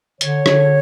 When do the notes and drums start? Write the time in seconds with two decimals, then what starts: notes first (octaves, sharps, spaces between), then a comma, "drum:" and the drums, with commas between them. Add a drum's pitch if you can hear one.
0.21 D3 C#5, drum: hi-hat
0.46 D3, drum: rim click